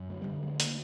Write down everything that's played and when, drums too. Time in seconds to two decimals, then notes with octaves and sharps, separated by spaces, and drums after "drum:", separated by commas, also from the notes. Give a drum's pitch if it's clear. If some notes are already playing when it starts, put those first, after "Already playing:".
Already playing: F#2
0.09 D2 F#3
0.22 D3 G3
0.43 D2 G3 G#3
0.60 A#3, drum: hi-hat